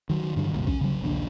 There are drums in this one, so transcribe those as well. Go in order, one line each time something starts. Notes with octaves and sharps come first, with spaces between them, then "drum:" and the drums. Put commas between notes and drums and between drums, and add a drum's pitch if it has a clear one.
D#3 F#3
G2 D3 E3
F#1 C2 A#2
C#4, drum: kick A#1
C#3 F#3
A#1 D#2 D4